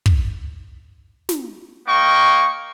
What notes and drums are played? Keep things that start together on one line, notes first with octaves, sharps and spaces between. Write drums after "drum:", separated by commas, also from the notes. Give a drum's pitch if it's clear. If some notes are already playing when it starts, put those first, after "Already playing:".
drum: kick
drum: snare
A#3 D#5 G5 C#6